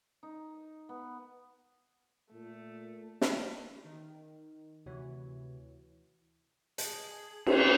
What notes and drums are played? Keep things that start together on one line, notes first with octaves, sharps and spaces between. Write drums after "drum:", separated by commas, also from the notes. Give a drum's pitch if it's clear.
D#4
B3
A#2 A3
drum: snare
D#3
D2 C3 E3 F#4 C#5
G#4 A5 F#7, drum: hi-hat
drum: cymbal